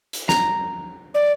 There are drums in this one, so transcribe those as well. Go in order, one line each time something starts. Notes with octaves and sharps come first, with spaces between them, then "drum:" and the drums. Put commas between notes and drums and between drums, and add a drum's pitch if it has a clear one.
drum: hi-hat
A#5, drum: snare
D5